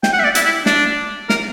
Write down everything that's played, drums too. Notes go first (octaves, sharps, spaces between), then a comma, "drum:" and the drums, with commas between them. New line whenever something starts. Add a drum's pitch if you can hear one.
G5, drum: snare
F#5
E5
D5
E4, drum: hi-hat
E4
D4, drum: snare
A#4, drum: snare